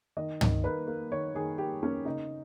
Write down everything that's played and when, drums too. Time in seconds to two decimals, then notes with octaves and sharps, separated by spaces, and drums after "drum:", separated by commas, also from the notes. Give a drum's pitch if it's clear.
0.17 D#3 D#5
0.41 D#3, drum: tom
0.64 A#3 B4
0.87 A#3
1.11 D#3 C#5
1.35 D#3 G#4
1.58 A#3 G4
1.83 A#3 C#4
2.05 C#3 D#4